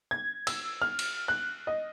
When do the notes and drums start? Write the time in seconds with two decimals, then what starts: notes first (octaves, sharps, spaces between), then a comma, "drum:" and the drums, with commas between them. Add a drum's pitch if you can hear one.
0.11 G#6
0.47 E6, drum: cymbal
0.82 F6
0.99 drum: cymbal
1.28 F#6
1.67 D#5